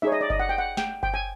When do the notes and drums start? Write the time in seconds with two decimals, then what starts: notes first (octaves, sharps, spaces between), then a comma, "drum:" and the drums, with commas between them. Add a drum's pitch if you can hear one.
0.02 D#4 G#4 C#5 E5
0.12 D#5
0.21 D5
0.30 D#5, drum: kick G1
0.40 F#5
0.49 G5
0.58 F#5
0.77 G5, drum: snare
1.03 G5, drum: kick G1
1.14 G#5